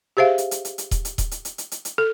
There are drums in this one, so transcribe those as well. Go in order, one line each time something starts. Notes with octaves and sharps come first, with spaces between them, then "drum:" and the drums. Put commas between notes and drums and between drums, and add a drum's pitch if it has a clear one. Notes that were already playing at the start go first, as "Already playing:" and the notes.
G4 G#4 C5 E5 F5
drum: hi-hat
drum: hi-hat
drum: hi-hat
drum: hi-hat
drum: kick D#1, hi-hat
drum: hi-hat
drum: kick D#1, hi-hat
drum: hi-hat
drum: hi-hat
drum: hi-hat
drum: hi-hat
drum: hi-hat
A4